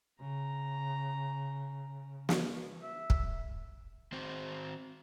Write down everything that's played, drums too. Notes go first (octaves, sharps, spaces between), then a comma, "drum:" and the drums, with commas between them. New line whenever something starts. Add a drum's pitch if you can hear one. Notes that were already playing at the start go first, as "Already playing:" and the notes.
C#3 A#5
drum: snare
E5
drum: kick
D#3 C4 F#4 C5